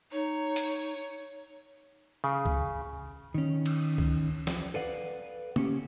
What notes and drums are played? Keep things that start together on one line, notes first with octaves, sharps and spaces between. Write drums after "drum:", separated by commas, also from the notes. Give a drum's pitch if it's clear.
D#4 C#5
drum: hi-hat
C#3
drum: kick C#2
D#3 C#4
drum: cymbal
drum: kick C#2
drum: snare
A4 B4 D5 F5 F#5
A#3 C#4 G4, drum: tom